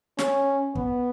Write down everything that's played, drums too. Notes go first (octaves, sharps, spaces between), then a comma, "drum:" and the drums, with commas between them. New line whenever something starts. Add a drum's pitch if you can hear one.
C#4, drum: snare
B3, drum: kick